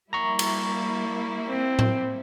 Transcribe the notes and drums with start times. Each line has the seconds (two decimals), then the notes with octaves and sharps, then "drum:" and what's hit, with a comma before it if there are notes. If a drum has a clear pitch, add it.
0.13 G3 A#3 E4 A#5 C#6
0.39 drum: cymbal
1.49 C4
1.79 drum: tom A2